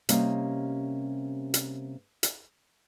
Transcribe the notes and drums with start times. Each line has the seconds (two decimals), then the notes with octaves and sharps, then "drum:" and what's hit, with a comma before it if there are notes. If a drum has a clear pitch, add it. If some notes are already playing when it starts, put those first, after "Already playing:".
0.09 C3 G3 A#3 C#4 G4 D#5, drum: hi-hat
1.54 drum: hi-hat
2.23 drum: hi-hat